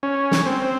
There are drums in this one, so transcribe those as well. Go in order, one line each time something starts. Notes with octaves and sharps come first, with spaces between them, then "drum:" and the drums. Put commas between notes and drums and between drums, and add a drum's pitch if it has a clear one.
C#4
drum: snare
C4